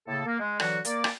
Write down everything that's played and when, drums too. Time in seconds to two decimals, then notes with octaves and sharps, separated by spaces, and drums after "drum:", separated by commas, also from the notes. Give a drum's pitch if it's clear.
0.07 A2 C#3 A#3 A4
0.26 A#3
0.40 G#3
0.60 D3 E3 F#3 F#4, drum: rim click
0.85 A#3 D5, drum: hi-hat
1.04 drum: rim click